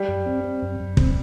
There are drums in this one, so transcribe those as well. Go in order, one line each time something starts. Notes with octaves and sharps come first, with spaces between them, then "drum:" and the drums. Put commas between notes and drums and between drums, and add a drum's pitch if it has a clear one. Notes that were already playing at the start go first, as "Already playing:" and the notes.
Already playing: G3
F#2
C4
C4
F#2
F#2
C4, drum: kick